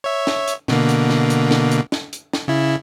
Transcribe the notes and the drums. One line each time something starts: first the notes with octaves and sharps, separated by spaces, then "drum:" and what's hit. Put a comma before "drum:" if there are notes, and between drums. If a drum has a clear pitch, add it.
C#5 E5
drum: snare
drum: hi-hat
B2 D3 A#3, drum: snare
drum: hi-hat
drum: snare
drum: hi-hat
drum: snare
drum: hi-hat
drum: snare
drum: hi-hat
drum: snare
C#3 E4